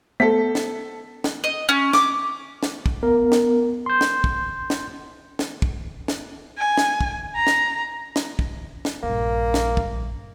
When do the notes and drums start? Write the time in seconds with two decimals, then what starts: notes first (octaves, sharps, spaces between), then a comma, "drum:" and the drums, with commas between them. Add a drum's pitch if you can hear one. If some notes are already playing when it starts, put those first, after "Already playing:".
0.20 A3 B3 A4 C5 B6
0.55 drum: snare
1.24 drum: snare
1.44 D#5
1.69 C#4
1.93 D6, drum: snare
2.63 drum: snare
2.86 drum: kick
3.03 B3 A#4
3.32 drum: snare
3.86 C6 G6
4.01 drum: snare
4.24 drum: kick
4.70 drum: snare
5.39 drum: snare
5.62 drum: kick
6.08 drum: snare
6.58 G#5
6.77 drum: snare
7.01 drum: kick
7.36 A#5
7.47 drum: snare
8.16 drum: snare
8.39 drum: kick
8.85 drum: snare
9.03 A#1 G2 A#3
9.54 drum: snare
9.77 drum: kick